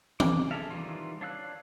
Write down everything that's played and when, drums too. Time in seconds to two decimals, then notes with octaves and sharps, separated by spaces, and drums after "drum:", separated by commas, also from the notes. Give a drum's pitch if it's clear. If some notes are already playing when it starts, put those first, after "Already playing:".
0.20 D6, drum: tom E3
0.51 G#4 A4 E5 F5
0.70 D#3 E3 G3 F4
1.21 D4 C#5 F5 E6 F#6